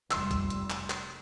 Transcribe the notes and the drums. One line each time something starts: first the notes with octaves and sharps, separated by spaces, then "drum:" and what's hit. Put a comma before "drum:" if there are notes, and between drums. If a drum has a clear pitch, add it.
F1 F2 G3 C6 E6, drum: clap
drum: kick, hi-hat
drum: hi-hat
drum: clap
drum: clap